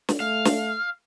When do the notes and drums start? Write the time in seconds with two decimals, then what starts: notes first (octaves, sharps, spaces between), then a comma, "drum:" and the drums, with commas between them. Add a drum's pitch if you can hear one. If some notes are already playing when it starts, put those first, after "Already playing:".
0.09 drum: snare
0.20 A3 F5
0.45 drum: snare